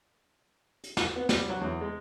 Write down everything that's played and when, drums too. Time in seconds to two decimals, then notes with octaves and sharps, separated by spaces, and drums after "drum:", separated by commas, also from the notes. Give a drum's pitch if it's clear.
0.84 drum: hi-hat
0.97 drum: snare
1.16 B3
1.29 G3, drum: snare
1.49 F#3
1.61 E2
1.81 G#3